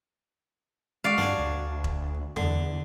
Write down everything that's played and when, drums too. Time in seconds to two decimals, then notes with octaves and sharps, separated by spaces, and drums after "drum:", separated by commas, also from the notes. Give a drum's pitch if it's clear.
1.04 G#3 F#4 D5 F5
1.18 G2 D4 G#5, drum: snare
1.39 D2
1.84 drum: kick E1
2.36 E2 D3, drum: tom E2